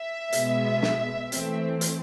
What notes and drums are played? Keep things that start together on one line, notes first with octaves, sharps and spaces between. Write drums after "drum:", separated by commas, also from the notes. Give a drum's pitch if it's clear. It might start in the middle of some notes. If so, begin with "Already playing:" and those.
Already playing: E5
B2 G#3 B3, drum: hi-hat
drum: snare
E3 A3 C4, drum: hi-hat
drum: hi-hat